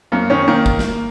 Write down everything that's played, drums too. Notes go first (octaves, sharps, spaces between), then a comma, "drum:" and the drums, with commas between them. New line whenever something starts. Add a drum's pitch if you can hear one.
F#2 A#3
D#3 C#4
D#3 A#3
drum: kick
drum: snare